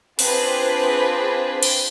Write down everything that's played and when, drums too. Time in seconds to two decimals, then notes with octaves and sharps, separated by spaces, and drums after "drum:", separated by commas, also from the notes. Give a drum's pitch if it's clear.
0.19 C4 D4 F4 G#4 B4 C5, drum: open hi-hat
1.63 drum: cymbal